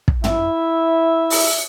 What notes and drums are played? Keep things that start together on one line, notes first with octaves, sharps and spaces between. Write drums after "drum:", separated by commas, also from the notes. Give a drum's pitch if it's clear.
drum: kick
E4 E5, drum: tom
drum: open hi-hat